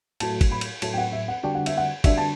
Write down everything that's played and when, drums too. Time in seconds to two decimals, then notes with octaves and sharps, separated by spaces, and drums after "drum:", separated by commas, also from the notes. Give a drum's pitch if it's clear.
0.20 A2 F#3 A3 A5, drum: cymbal
0.41 drum: kick, cymbal
0.51 B5
0.61 drum: cymbal
0.82 A2 F#3 A3 A5, drum: cymbal
0.93 G5
0.98 F#5
1.12 E5
1.28 F#5
1.43 D3 G3 D4 F#4 G5
1.55 F#5
1.66 E5, drum: cymbal
1.77 F#5
2.04 D3 G3 D4 F#4 E5, drum: kick, cymbal
2.17 A5